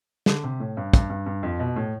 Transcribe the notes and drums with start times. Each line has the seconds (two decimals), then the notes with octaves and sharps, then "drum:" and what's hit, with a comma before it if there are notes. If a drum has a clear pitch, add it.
0.26 D3, drum: snare
0.44 C3
0.60 A2
0.77 G2
0.93 G2, drum: kick, hi-hat
1.10 G2
1.26 G2
1.43 F2
1.59 B2
1.76 A2